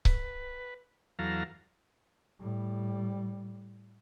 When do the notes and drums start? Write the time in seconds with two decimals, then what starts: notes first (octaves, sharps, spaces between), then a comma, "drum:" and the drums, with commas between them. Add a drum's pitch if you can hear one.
0.05 B4, drum: kick C#1
1.19 E2 F#3 A4 F5 A#5
2.41 A2 G3